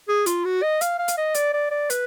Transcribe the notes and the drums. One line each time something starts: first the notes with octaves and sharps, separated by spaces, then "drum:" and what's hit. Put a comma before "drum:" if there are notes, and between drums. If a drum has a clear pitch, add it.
G#4
F4, drum: hi-hat
F#4
D#5
F5, drum: hi-hat
F5
drum: hi-hat
D#5
D5, drum: hi-hat
D5
D5
B4, drum: hi-hat